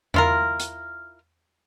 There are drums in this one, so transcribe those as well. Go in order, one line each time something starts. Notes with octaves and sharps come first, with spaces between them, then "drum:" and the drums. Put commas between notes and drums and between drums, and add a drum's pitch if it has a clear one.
E4 F4 A#4, drum: tom E2
drum: hi-hat